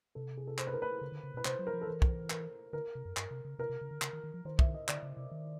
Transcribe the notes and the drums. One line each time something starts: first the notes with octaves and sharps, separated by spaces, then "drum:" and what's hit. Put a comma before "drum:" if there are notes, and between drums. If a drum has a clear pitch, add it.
C3 A4
G#4
A4
C5, drum: clap
B4
A#4
B4
C#3
D3
C#3
B2
B4
C3 C5, drum: clap
F#3
A#4
F3
A4
E3 A#4
drum: kick B1
A#4, drum: clap
D3 A#4
C3
F#2
G2, drum: clap
C3
C#3
C3 A#4
C3
C#3
D3
C#3, drum: clap
D#3
D#3
F3
D#3 C5
E5, drum: kick B1
D#5
D3 D5, drum: clap
C#3
C3
D#3